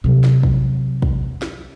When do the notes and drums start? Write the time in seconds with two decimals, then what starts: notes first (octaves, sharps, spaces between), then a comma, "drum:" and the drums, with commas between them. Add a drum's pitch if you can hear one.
0.04 C3 F#3
0.24 drum: snare
0.43 drum: kick
1.02 drum: kick
1.42 drum: snare